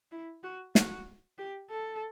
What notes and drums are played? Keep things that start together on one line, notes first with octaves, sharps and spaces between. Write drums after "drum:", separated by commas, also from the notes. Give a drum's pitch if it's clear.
E4
F#4
F#4, drum: snare
G4
A4